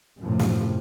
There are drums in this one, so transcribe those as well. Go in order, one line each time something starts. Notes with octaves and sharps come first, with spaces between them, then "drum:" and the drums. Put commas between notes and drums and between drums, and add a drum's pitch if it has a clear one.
F#2 A2 C3 F3
drum: snare